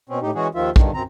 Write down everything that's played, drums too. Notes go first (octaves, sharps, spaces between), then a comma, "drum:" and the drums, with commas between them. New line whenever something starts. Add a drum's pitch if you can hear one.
B2 C4 C#4
A2 D#4 G4
E3 G#3 C#4 F#4 G#4
D#2 D#3 F3 F4 E5
G2 D3 D#3, drum: kick
F#2 C4 A#5